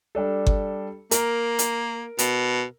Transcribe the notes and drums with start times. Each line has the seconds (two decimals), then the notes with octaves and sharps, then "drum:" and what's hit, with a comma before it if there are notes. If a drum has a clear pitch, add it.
0.15 G3 D4 A4
0.47 drum: kick G1
1.11 A#3 A#4, drum: hi-hat
1.59 drum: hi-hat
2.19 B2, drum: hi-hat